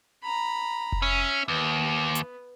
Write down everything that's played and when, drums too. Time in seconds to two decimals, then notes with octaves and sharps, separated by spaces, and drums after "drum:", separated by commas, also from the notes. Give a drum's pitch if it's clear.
0.23 A#5 B5
0.92 drum: kick F1
1.02 C#4 E5
1.48 D#2 B3
2.15 drum: hi-hat